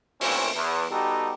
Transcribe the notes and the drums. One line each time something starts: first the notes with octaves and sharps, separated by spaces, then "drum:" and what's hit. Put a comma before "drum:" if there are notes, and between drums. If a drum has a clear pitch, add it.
D#2 A#2 E3 A3 C4 C#4, drum: open hi-hat
E2
G3 B3 D#4 F#4 G4 A4